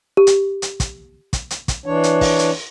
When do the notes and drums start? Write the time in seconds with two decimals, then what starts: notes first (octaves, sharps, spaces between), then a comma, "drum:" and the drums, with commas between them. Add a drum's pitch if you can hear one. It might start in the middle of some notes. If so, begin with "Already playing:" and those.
0.17 G4
0.27 drum: hi-hat
0.62 drum: hi-hat
0.80 drum: kick, hi-hat
1.33 drum: kick, hi-hat
1.50 drum: hi-hat
1.68 drum: kick, hi-hat
1.86 E3 D4 C#5
2.04 drum: hi-hat
2.21 drum: kick, open hi-hat
2.39 drum: hi-hat